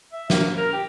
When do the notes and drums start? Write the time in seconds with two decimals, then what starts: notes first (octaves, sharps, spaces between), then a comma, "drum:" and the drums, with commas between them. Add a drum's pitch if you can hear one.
0.12 E5
0.30 A#3, drum: snare
0.57 A#4
0.73 G4